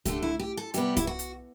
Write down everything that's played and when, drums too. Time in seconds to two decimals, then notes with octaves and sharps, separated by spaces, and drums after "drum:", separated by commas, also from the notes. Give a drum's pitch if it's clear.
0.05 D3 A3 G4, drum: kick C2, hi-hat
0.22 E4
0.39 G4
0.57 A4
0.74 C3 G3 B3 G4, drum: hi-hat
0.97 E4, drum: kick C2, hi-hat
1.07 F#4
1.19 drum: hi-hat